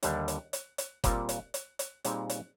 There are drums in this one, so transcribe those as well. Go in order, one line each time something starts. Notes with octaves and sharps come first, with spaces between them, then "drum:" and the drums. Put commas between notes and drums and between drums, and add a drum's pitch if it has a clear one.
D#2 D3 G3 D4, drum: hi-hat
drum: hi-hat
drum: hi-hat
drum: hi-hat
A#2 G3 C4 F4 A#4, drum: kick F#1, hi-hat
drum: hi-hat
drum: hi-hat
drum: hi-hat
A#2 G3 C4 D#4 G#4, drum: hi-hat
drum: hi-hat